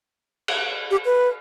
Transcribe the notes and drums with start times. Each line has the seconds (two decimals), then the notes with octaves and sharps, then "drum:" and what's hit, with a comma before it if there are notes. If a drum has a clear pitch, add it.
0.48 drum: cymbal
0.91 G4
1.05 B4